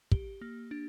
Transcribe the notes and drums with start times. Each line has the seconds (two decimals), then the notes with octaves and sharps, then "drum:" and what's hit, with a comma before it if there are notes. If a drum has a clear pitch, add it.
0.12 G4, drum: kick
0.41 A#3
0.71 D4